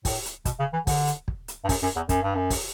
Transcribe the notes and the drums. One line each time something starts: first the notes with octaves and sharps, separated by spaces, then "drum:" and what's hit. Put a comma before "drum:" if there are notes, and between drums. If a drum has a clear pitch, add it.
A2, drum: kick, open hi-hat
drum: hi-hat
B2, drum: kick, hi-hat
C#3
E3
D3, drum: kick, open hi-hat
drum: hi-hat
drum: kick
drum: hi-hat
G2
F#2, drum: kick, open hi-hat
F#2
E2
F#2, drum: kick, hi-hat
G2
F#2
drum: kick, open hi-hat